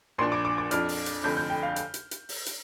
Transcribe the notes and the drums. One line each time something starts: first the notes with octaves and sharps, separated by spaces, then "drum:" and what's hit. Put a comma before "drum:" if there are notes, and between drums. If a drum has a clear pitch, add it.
A#1 A#2 F3 D4 C6
D6
D6
D6
F2 F3 D4 F6, drum: hi-hat
drum: open hi-hat
drum: hi-hat
F1 F2 D3 G6
G6
G5
F5
drum: hi-hat
drum: hi-hat
drum: hi-hat
drum: open hi-hat
drum: hi-hat